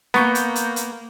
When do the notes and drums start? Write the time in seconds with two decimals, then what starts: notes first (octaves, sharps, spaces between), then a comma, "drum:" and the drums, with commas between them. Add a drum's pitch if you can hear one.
0.14 A#3 B3 A#5 C#6 G6, drum: snare
0.35 drum: hi-hat
0.55 drum: hi-hat
0.76 drum: hi-hat